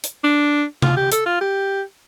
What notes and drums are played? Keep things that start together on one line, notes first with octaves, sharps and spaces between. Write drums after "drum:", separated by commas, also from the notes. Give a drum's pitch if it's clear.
drum: hi-hat
D4
F4, drum: tom C3
G4
A4, drum: hi-hat
F4
G4